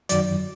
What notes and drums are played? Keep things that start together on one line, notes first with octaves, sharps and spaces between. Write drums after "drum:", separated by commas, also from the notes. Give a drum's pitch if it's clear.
F#2 D#3 F#3 D5, drum: hi-hat